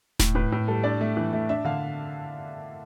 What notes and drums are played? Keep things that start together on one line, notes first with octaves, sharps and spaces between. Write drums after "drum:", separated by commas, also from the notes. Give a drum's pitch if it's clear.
A2, drum: snare D#1
A2 B4
A2
G3 A4
D4 D5
A3
E3
A3
D4 E5
D3 F5